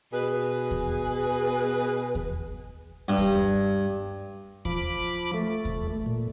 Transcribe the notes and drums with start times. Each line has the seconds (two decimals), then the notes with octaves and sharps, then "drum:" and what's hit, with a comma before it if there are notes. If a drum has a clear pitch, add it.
0.12 B2 G#4 B4
0.71 drum: kick D#2
2.15 drum: kick D#2
3.08 G2
3.18 drum: kick D#2
4.65 F3 B5 D6, drum: kick D#2
5.34 A3
5.65 drum: kick D#2
6.06 A#2